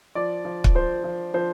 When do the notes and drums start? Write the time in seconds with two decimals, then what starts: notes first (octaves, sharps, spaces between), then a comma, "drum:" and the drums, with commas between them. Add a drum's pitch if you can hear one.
0.15 F3 D5
0.45 F3
0.64 drum: kick
0.75 F3 C5
1.04 F3
1.34 F3 C5